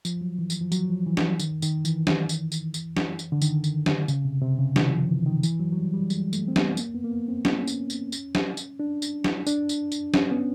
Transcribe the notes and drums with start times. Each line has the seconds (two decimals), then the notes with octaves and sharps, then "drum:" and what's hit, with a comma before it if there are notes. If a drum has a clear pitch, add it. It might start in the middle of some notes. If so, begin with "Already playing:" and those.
0.05 F3, drum: tambourine
0.21 F#3
0.39 E3
0.50 drum: tambourine
0.61 F3
0.72 F#3, drum: tambourine
0.90 F3
1.06 E3
1.17 drum: snare
1.39 D#3, drum: tambourine
1.62 D#3, drum: tambourine
1.85 E3, drum: tambourine
2.07 drum: snare
2.29 drum: tambourine
2.52 drum: tambourine
2.74 drum: tambourine
2.97 drum: snare
3.19 drum: tambourine
3.32 D3
3.42 D#3, drum: tambourine
3.64 drum: tambourine
3.86 drum: snare
4.08 C#3, drum: tambourine
4.25 C3
4.42 C3
4.59 C#3
4.76 D#3, drum: snare
4.93 F3
5.10 E3
5.26 D#3
5.43 E3, drum: tambourine
5.60 F#3
5.72 F#3
5.77 G3
5.94 G3
6.10 G#3, drum: tambourine
6.33 A3, drum: tambourine
6.48 C4
6.56 B3, drum: snare
6.77 A#3, drum: tambourine
6.94 B3
7.04 A#3
7.11 B3
7.28 C4
7.45 C#4, drum: snare
7.67 drum: tambourine
7.90 drum: tambourine
8.12 drum: tambourine
8.35 drum: snare
8.57 drum: tambourine
8.80 D4
9.02 drum: tambourine
9.24 drum: snare
9.47 D4, drum: tambourine
9.69 drum: tambourine
9.92 drum: tambourine
10.14 C#4, drum: snare
10.31 B3